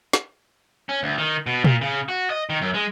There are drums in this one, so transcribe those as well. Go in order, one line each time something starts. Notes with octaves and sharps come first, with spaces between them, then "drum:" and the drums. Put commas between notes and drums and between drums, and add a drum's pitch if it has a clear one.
drum: snare
C#4
D2
D#3
B2
A#2, drum: tom A#2
C#3
F#4
D#5
D#3
F#2
G#3